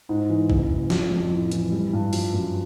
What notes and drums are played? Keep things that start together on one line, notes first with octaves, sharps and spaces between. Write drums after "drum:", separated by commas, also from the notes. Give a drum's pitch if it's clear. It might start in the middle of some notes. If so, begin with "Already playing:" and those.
G#2
E3
F#1, drum: kick
F#1
F3, drum: snare
F2
A2
E3, drum: hi-hat
G3
G2
F3, drum: open hi-hat
F#2